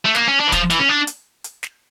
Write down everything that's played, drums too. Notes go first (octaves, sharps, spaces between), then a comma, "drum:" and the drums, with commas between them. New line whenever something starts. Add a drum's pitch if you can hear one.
A3
A#3, drum: snare
C#4
D4
E3
F3, drum: kick, hi-hat
E3, drum: hi-hat
C#4
D4
drum: hi-hat
drum: hi-hat
drum: snare